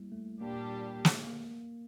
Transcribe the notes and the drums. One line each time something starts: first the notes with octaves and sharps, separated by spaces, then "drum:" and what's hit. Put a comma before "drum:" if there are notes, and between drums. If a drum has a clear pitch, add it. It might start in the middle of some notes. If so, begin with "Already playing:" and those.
Already playing: G3 A#3 E4
A3
A#2 G3 A#3 D4 G4
drum: snare
A#3